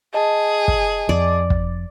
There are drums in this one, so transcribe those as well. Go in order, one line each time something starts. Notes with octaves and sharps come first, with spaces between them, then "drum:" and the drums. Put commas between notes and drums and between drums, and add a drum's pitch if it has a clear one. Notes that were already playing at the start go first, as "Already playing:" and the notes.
G#4 D#5 A5
drum: kick
F2 D5
drum: kick